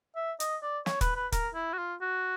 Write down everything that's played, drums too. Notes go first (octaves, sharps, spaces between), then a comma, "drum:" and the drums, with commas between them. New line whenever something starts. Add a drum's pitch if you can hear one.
E5
D#5, drum: hi-hat
D5
C#5, drum: snare
B4, drum: kick, hi-hat
B4
A#4, drum: kick, hi-hat
E4
F#4
F4
F#4